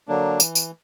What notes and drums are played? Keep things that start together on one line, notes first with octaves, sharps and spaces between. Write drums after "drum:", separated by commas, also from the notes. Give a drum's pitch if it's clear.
D3 F#3 A#3 D4
E3, drum: tambourine
drum: tambourine